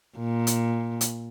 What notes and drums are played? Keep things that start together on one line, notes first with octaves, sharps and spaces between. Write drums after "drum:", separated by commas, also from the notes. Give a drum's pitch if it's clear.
A#2
drum: hi-hat
drum: hi-hat